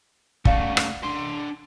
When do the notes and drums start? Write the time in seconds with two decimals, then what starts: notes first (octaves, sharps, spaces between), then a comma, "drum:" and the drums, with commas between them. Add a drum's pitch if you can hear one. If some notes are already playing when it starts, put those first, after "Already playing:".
0.45 C#3 A3 D5 F5 F#5, drum: kick
0.77 drum: rim click
1.03 D4 C6